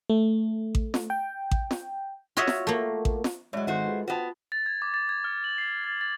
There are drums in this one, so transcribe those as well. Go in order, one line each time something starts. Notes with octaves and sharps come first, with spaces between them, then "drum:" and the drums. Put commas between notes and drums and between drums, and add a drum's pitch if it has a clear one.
A3
drum: kick A1
drum: snare
G5
drum: kick A1
drum: snare
F4 F#4 C#5 D#5 E5 F#5
drum: snare
A3 A#3
drum: kick A1
drum: snare
A2 F#3 G#3 C#5 D5 E5
G#1 A3 F#4 C5
F4 G#4 B4
B3 F4 F#4 C5 G5 A5
A6
G#6
D6
A6
G#6
F6
F#7
C7
A6
A6